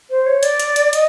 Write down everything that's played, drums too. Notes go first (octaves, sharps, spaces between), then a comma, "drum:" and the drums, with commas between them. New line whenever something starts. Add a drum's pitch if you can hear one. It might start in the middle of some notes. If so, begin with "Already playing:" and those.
C5
C#5
D5, drum: hi-hat
drum: hi-hat
drum: hi-hat
D#5, drum: hi-hat